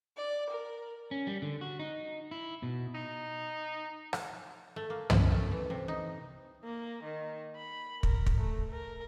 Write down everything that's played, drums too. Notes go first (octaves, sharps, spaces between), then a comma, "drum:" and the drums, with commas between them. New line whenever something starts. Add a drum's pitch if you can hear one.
D5
A#4
C#4
G3
D3
F#4
D#4
E4
B2
D#4
drum: rim click
A3
A#3
C#4, drum: tom
A3
E3
C3
D#4
A#3
D#3
B5
A#4, drum: kick
drum: kick
A3
A#4